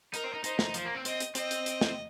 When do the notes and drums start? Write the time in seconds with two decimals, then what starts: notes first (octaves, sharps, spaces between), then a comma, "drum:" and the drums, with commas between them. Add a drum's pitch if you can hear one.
0.14 D#4 A#4, drum: hi-hat
0.24 C4
0.33 D#4
0.44 D#4 C5, drum: hi-hat
0.59 D#4, drum: snare
0.74 F3 C5, drum: hi-hat
0.85 A#3
0.95 C4
1.05 C4 D#5, drum: hi-hat
1.20 drum: hi-hat
1.35 C4 D#5, drum: hi-hat
1.51 drum: hi-hat
1.66 drum: hi-hat
1.81 drum: snare